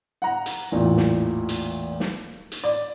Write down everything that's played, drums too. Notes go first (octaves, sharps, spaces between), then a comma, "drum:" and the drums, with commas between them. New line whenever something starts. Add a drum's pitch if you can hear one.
F#5 A#5
drum: hi-hat
A1 E2 A#2 E3
drum: snare
drum: hi-hat
drum: snare
drum: hi-hat
D5